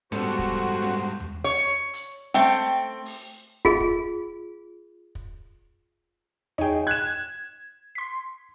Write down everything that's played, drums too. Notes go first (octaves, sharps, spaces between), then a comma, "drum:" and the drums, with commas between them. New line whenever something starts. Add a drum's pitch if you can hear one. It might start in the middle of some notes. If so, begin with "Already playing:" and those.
G#2 G3 B3 F#4 A4 C5, drum: snare C#4
drum: kick
drum: snare C#4
drum: tom E2
C#5
drum: hi-hat
A3 C4 G5, drum: snare C#4
drum: open hi-hat
F4 G#4, drum: kick
drum: kick
drum: kick
D#4 G#4 C#5 G5, drum: tom E2
F#6 G#6 E7
C6 B6